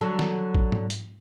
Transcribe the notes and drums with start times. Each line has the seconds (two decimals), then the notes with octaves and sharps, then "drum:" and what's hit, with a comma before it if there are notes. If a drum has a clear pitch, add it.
0.01 D3 F#3 A4
0.19 drum: snare
0.55 drum: kick A1
0.72 drum: tom G#2
0.90 drum: hi-hat